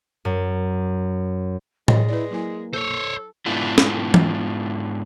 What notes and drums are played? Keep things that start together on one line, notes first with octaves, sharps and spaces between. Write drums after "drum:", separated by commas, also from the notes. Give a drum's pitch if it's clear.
F#2
E3 G#3 C#5 D#5, drum: tom A2
E4 B4 D5
F#3 A#3 E4 G#5
A4 C5 C#5
G#2 B3 D4 E4 F4
drum: snare
drum: tom E3